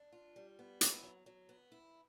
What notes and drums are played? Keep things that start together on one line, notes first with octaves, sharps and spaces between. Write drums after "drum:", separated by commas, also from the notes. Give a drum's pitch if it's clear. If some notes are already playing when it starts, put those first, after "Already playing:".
Already playing: D4
F4
G3
B3
E4, drum: hi-hat
F#3
F#3
B3
E4